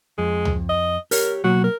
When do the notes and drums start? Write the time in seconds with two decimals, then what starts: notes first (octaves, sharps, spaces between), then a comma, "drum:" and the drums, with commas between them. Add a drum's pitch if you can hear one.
0.18 F2 G#3
0.45 drum: tom C#2
0.69 D#5
1.11 G4 A#4 C#5, drum: open hi-hat
1.44 B2 F#3 A#3 F#4
1.64 A#4